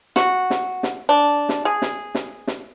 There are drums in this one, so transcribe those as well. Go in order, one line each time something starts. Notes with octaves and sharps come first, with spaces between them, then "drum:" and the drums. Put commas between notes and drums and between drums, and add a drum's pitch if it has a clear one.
F#4, drum: snare
drum: snare
drum: snare
D4
drum: snare
G#4
drum: snare
drum: snare
drum: snare